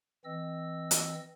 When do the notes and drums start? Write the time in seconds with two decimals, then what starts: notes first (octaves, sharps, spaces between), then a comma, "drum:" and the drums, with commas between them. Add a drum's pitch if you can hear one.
0.25 E3 C4 D#5 E6
0.91 drum: hi-hat